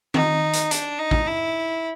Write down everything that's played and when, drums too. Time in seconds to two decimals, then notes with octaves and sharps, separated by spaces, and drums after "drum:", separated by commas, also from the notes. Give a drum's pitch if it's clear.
0.14 D#4, drum: tom D#3
0.53 drum: hi-hat
0.71 D4, drum: hi-hat
0.99 D#4
1.11 drum: kick
1.27 E4